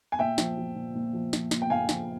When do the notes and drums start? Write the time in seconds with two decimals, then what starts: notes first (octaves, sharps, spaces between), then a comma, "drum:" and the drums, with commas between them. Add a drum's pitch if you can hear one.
0.12 G#5
0.19 A#2 E5 G5
0.38 F3, drum: snare
0.58 F3
0.76 A#2
0.95 A#2
1.13 F3
1.33 F3, drum: snare
1.51 A#2, drum: snare
1.62 G5
1.70 A#2 F5 G#5
1.89 F3, drum: snare